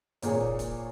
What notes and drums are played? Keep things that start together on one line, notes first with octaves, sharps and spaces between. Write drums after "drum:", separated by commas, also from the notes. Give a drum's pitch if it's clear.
G#1 A#2 A#3 G#4 C#5, drum: hi-hat
drum: kick
drum: kick, hi-hat